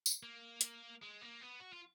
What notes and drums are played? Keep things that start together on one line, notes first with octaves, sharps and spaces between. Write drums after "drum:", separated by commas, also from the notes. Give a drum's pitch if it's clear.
drum: tambourine
A#3
drum: hi-hat
G#3
A#3
B3
F#4
F4